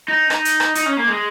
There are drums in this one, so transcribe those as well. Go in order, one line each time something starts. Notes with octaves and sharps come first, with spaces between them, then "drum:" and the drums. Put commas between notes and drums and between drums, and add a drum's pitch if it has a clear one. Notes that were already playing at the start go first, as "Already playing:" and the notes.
D#4
D#4, drum: rim click
drum: hi-hat
drum: rim click
D#4, drum: hi-hat
C#4
A#3
G#3